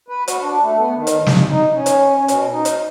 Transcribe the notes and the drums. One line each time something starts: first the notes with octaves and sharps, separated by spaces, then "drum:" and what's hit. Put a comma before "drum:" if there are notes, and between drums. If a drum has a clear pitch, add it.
B4
F#4, drum: hi-hat
D4
A3
B3
D#3
drum: hi-hat
G2
drum: snare
D#4
C#4
drum: hi-hat
C#4
B2, drum: hi-hat
D#4
drum: hi-hat